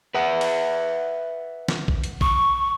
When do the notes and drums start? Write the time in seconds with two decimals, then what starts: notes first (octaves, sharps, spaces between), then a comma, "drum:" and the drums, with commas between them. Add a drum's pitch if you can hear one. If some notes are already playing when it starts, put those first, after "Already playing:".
0.14 B4 E5 F#5
0.41 drum: cymbal
1.68 drum: snare
1.88 drum: kick A1
2.04 drum: hi-hat
2.21 C#6, drum: kick A1